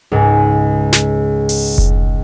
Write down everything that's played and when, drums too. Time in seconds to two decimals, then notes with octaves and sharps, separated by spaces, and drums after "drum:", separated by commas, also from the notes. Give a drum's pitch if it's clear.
0.12 C#2 G#2
0.93 drum: snare
1.49 drum: open hi-hat
1.78 drum: kick F1